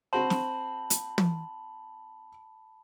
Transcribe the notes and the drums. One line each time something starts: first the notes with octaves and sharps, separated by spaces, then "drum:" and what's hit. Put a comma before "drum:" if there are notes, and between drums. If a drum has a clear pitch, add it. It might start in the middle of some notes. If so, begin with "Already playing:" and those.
C4 F#4 C5 A5 B5 F#7
drum: snare
drum: hi-hat
drum: tom